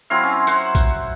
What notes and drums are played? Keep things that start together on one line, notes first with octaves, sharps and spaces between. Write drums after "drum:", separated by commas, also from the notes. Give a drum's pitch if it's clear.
F#3 C4 E4 F5
C#4
C5 F#5, drum: tambourine
drum: kick, tambourine